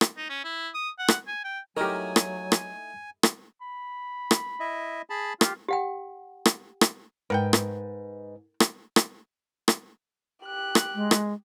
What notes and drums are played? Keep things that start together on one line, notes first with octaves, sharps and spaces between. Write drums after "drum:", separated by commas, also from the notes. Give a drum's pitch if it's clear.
drum: rim click
D#4
C#4
E4
D#6
F#5
drum: rim click
G#5
G5
F#3 A3 D#4 E4 G4 A#4 G#5
drum: rim click
drum: rim click
drum: rim click
B5
drum: rim click
E4 D#5 E5
G#4 A5 B5
F4 G4, drum: rim click
G4 F#5 G5
drum: rim click
drum: rim click
G#2 A#4 B4 F#5 G5
drum: rim click
drum: rim click
drum: rim click
drum: rim click
G4 F#6
drum: rim click
G#3
drum: rim click